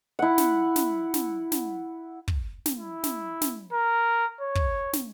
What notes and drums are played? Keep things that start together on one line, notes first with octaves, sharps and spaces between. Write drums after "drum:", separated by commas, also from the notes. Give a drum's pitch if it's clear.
E4 F#5
drum: snare
drum: snare
drum: snare
drum: snare
drum: kick
drum: snare
E4
drum: snare
drum: snare
A#4
C#5
drum: kick
drum: snare